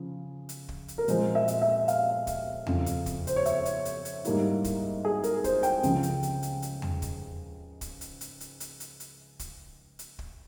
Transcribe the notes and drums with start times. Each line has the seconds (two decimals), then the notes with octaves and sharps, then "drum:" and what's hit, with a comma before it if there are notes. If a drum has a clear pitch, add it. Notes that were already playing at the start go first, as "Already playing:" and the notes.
Already playing: C#3 F3
0.49 drum: hi-hat
0.69 drum: kick
0.88 drum: hi-hat
0.98 A#4
1.08 A#2 F3 G#3 C5, drum: hi-hat
1.35 E5
1.48 drum: hi-hat
1.62 E5
1.88 F5, drum: hi-hat
2.27 drum: kick, hi-hat
2.67 F2 C#3 F3, drum: tom E2
2.86 drum: hi-hat
3.06 drum: kick, hi-hat
3.27 C5, drum: hi-hat
3.36 C#5
3.46 E5, drum: hi-hat
3.65 drum: hi-hat
3.85 drum: hi-hat
4.05 drum: hi-hat
4.25 G#2 G3 A#3 E4, drum: hi-hat
4.64 drum: kick, hi-hat
5.05 G#4
5.24 A#4, drum: hi-hat
5.44 C5, drum: kick, hi-hat
5.63 G5, drum: hi-hat
5.83 C#2 C#3 F3, drum: hi-hat
6.03 drum: hi-hat
6.23 drum: hi-hat
6.43 drum: hi-hat
6.62 drum: hi-hat
6.82 drum: tom E2
7.02 drum: kick, hi-hat
7.81 drum: kick, hi-hat
8.01 drum: hi-hat
8.21 drum: hi-hat
8.41 drum: hi-hat
8.60 drum: hi-hat
8.80 drum: hi-hat
9.00 drum: hi-hat
9.39 drum: kick, hi-hat
9.99 drum: hi-hat
10.19 drum: kick